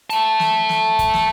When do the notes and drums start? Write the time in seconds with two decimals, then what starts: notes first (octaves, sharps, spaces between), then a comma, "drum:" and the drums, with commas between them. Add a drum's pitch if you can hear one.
0.10 E5 A5, drum: hi-hat
0.40 drum: snare
0.69 drum: snare
0.99 drum: kick, hi-hat
1.14 drum: snare